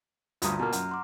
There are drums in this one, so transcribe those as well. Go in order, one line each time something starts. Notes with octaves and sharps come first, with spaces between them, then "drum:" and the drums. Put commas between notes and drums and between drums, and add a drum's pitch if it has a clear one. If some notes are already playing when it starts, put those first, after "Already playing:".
D2 G2 F4 A#5 C6 D#6, drum: hi-hat
B2 A#3 A#5 F6
F#2 F#5, drum: hi-hat
A#5 C6 D6